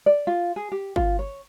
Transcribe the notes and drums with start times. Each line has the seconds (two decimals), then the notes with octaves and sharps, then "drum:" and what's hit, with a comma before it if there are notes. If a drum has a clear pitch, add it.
0.06 D5
0.27 F4
0.56 G#4
0.72 G4
0.96 F4, drum: kick G1
1.19 C#5